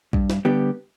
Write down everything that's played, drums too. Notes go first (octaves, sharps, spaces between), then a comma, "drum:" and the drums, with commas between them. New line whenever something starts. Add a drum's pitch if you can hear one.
G2, drum: kick A#1
drum: snare
D3 G3 B3 G4